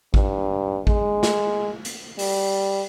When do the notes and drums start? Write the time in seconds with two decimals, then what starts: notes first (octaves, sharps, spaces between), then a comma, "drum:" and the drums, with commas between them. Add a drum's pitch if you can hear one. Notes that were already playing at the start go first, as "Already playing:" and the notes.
0.14 G2, drum: kick A1
0.87 G#3, drum: kick A1
1.23 drum: snare
1.85 drum: hi-hat
2.19 G3, drum: open hi-hat